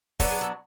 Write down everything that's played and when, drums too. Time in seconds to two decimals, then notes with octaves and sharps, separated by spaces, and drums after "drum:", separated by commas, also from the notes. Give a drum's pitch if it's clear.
0.20 F#3 B3 D4 A4, drum: kick, open hi-hat
0.31 G#4
0.41 A4